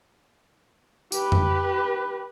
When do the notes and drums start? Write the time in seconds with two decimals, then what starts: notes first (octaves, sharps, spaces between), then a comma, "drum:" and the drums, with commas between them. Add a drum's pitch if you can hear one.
1.12 G4 B4, drum: tambourine
1.32 drum: tom F2